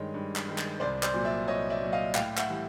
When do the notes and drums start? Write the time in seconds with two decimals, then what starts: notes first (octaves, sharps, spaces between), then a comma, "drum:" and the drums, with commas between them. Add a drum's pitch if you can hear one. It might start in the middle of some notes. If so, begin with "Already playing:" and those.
Already playing: G2 D#3 G#3 C#5 D#5
0.14 G2
0.36 drum: clap
0.47 D#3 G#3
0.58 drum: clap
0.80 C2 C5 D5
1.03 C5 D5, drum: clap
1.14 A#2 F#3
1.25 D5 E5
1.48 C2 C#5 D#5
1.70 D5 E5
1.82 A#2 F#3
1.92 D#5 F5
2.15 A2 F5 G5, drum: clap
2.37 E5 F#5, drum: clap
2.49 E3 G3